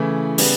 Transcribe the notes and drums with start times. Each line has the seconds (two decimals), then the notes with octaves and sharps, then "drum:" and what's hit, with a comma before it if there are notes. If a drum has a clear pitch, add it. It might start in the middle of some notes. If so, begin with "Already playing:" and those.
Already playing: C#3 E3 A3 E4
0.38 C#3 G3 B3, drum: open hi-hat